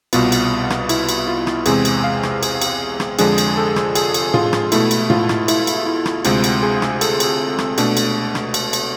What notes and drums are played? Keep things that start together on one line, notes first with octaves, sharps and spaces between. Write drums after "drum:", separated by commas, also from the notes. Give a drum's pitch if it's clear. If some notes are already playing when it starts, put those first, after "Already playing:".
C2 B2 B3 F4, drum: cymbal
drum: cymbal
drum: rim click
E4, drum: cymbal
drum: cymbal
F4
drum: rim click
E2 C3 G#3 C4 G#4, drum: cymbal
drum: cymbal
F5
drum: rim click
G#4, drum: cymbal
drum: cymbal
drum: rim click
F2 D3 F3 G#3 D4 G#4, drum: cymbal
drum: cymbal
A4
drum: rim click
G#4, drum: cymbal
drum: cymbal
F4, drum: tom A2
drum: rim click
B2 A3 E4, drum: cymbal
drum: cymbal
F4, drum: tom A2
drum: rim click
E4, drum: cymbal
drum: cymbal
E4
drum: rim click
D2 C3 G#3 C4 F4, drum: cymbal
drum: cymbal
G#4
drum: rim click
A4, drum: cymbal
drum: cymbal
drum: rim click
B2 A3 D4, drum: cymbal
drum: cymbal
drum: rim click
drum: cymbal
drum: cymbal